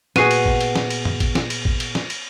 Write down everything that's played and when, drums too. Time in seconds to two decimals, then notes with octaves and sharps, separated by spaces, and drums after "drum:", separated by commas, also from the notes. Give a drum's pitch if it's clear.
0.16 A#2 B3 F#4 G#4 C7 D#7, drum: snare
0.31 drum: cymbal
0.46 drum: kick G#1
0.61 drum: cymbal
0.76 drum: snare
0.90 drum: cymbal
1.05 drum: tom F2
1.20 drum: kick G#1, cymbal
1.35 drum: snare
1.50 drum: cymbal
1.65 drum: kick G#1
1.80 drum: cymbal
1.95 drum: snare
2.10 drum: cymbal